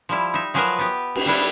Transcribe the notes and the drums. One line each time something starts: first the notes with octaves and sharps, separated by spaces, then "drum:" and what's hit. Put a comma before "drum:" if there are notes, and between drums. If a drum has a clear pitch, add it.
F3 G3 E4
D#4 E5
F3 F#3 G#4 A#4 B4 E5
B3 G4
drum: cymbal
G3 D4 E4